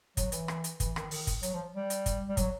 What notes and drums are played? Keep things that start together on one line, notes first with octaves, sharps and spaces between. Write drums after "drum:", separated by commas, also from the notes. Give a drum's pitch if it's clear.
F#3, drum: kick, hi-hat
E3, drum: hi-hat
drum: rim click
drum: hi-hat
E3, drum: kick, hi-hat
D#3, drum: rim click
D#3, drum: open hi-hat
drum: kick, hi-hat
F#3, drum: hi-hat
F3
G3
drum: hi-hat
drum: kick, hi-hat
G3
F#3, drum: kick, hi-hat